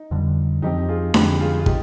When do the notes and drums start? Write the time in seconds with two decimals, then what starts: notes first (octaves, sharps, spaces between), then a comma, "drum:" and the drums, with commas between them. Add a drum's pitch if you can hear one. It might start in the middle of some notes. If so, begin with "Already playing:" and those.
Already playing: D#4
0.11 F2 D3 G3
0.62 F2 D3 F3 C4 D#4 G4
0.89 F4 G#4
1.14 F2 D3 F3 C4 G4 B4, drum: snare D4
1.40 F4 G#4
1.59 F4
1.66 D#4 G4, drum: kick